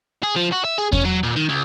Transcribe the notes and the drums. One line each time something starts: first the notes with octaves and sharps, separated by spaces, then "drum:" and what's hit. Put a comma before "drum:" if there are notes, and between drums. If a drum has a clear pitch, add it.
G#4
F3
F#4
E5
G#4
C#4, drum: kick E2
F#3
A#2
D#3
C#2